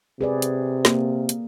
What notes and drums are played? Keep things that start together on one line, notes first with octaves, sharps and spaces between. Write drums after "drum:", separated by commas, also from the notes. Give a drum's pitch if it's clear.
C3 G#4 B4 D5
drum: hi-hat
A#3, drum: snare
drum: hi-hat